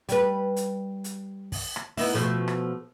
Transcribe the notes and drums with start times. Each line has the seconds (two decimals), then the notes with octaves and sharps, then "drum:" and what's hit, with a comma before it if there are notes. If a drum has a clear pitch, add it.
0.09 G3 B4, drum: hi-hat
0.56 drum: hi-hat
1.04 drum: hi-hat
1.52 drum: kick, open hi-hat
1.76 drum: rim click
1.97 B3 D#4 E4, drum: open hi-hat
2.14 B2 F3 A3
2.48 drum: rim click